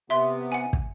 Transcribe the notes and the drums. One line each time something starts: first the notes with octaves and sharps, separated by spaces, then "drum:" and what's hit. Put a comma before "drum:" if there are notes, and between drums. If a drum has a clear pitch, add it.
C3 B3 E5 C6
F#5 G#5
drum: kick